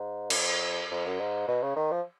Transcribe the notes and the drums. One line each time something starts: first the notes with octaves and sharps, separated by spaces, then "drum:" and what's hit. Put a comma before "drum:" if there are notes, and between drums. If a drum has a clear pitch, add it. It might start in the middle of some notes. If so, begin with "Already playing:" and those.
Already playing: G#2
F#2, drum: cymbal
F2
F2
F#2
G#2
B2
C#3
D#3
F3